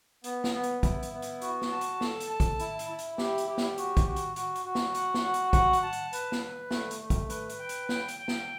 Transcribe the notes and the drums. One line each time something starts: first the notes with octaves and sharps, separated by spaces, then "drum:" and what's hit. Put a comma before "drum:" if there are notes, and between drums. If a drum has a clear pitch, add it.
B3, drum: hi-hat
drum: snare
B3
drum: hi-hat
E4, drum: kick, hi-hat
drum: hi-hat
B3
drum: hi-hat
F#4, drum: hi-hat
drum: snare
A5
drum: hi-hat
A4, drum: snare
drum: hi-hat
A5
drum: kick, hi-hat
E4, drum: hi-hat
drum: hi-hat
E4
drum: hi-hat
G4, drum: snare
drum: hi-hat
G4
drum: snare
F#4, drum: hi-hat
drum: kick, hi-hat
F#4
drum: hi-hat
F#4, drum: hi-hat
drum: hi-hat
F#4
drum: snare
F#5, drum: hi-hat
drum: snare
F#4
drum: hi-hat
F#5, drum: kick, hi-hat
drum: hi-hat
A5
drum: hi-hat
B4, drum: hi-hat
drum: snare
B4
A3, drum: snare
drum: hi-hat
A3
drum: kick, hi-hat
B4, drum: hi-hat
drum: hi-hat
G5
drum: hi-hat
G5, drum: snare
drum: hi-hat
G5
drum: snare